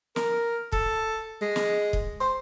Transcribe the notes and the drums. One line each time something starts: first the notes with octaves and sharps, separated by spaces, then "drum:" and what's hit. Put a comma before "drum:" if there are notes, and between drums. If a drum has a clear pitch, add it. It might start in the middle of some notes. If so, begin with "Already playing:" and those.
A#4, drum: snare
A4, drum: kick
G#3
drum: snare
drum: kick
C5